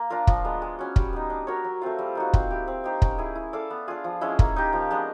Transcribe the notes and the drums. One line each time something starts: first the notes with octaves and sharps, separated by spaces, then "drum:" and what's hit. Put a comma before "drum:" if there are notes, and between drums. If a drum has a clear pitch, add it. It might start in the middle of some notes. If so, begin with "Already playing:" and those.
Already playing: A#3
D4 F4 A#4
F3, drum: kick
G#3 B3
G#3
C#4 F#4
G3, drum: kick
B3 D#4
D4
F#4 A#4 C#5
F#3
A3 C4 F4
G3
A#3 D#4 F#4
C4, drum: kick
E4 G4
C4
D#4 G4 C5
C#4, drum: kick
E4 G#4
E4
A4 D5 F5
B3
D4 F4 G#4
F3
G#3 C#4 E4
A#3, drum: kick
D#4 G4
F3
G#3 B3 D4